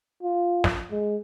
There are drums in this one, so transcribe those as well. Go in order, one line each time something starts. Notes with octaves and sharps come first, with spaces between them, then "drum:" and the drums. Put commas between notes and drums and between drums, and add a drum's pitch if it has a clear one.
F4
drum: snare
G#3